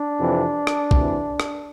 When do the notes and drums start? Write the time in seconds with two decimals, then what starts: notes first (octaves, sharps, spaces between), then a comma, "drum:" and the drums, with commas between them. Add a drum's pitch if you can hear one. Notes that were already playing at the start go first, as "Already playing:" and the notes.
Already playing: D4
0.19 F2 C3 E3
0.67 drum: rim click
0.91 D2 C3 E3, drum: kick
1.40 drum: rim click